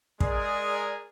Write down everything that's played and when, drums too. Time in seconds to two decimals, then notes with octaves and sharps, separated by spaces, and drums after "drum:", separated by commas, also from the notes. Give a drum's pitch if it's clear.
0.20 G#3 G#4 A#4 D5, drum: kick